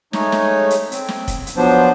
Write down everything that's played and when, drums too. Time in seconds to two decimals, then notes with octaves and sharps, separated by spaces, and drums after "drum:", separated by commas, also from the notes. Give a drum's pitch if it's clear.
0.13 G#3 A3 D#4 C#5, drum: snare
0.32 drum: snare
0.70 drum: hi-hat
0.92 C4, drum: hi-hat
1.08 drum: snare
1.28 drum: kick F1, hi-hat
1.47 drum: hi-hat
1.57 F3 F#3 B3 D4 C5